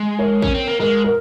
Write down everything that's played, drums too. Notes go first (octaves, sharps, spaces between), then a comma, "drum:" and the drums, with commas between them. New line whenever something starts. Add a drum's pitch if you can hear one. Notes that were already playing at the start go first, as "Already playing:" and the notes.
Already playing: G#3
A#4 C#5
C#4, drum: kick
C4
A#3
G#3 A#4
A#4